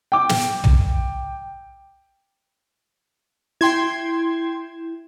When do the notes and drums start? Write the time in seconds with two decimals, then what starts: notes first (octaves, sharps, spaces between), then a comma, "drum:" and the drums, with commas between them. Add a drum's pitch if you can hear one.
0.12 G5 D6
0.29 drum: snare
0.64 drum: tom
3.61 E4 G5 C6 G#6